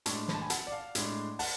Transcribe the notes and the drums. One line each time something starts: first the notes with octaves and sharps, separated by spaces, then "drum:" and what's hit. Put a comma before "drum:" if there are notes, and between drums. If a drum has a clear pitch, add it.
A2 G#3 D4 A5 C#6, drum: hi-hat
B5, drum: snare
A5
G#5 B5
F#5 A5, drum: hi-hat
D5
F5
A2 G#3 D4, drum: hi-hat
F#5 A5, drum: open hi-hat